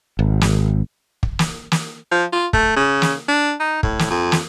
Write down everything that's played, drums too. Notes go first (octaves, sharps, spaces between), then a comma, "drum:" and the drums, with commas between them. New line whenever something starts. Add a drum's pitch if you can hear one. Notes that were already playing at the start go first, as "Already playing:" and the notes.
G#1
drum: snare
drum: kick
drum: snare
drum: snare
F3
F4
A3, drum: kick
C#3
drum: snare
D4
D#4
A2, drum: kick
drum: snare
F2
drum: snare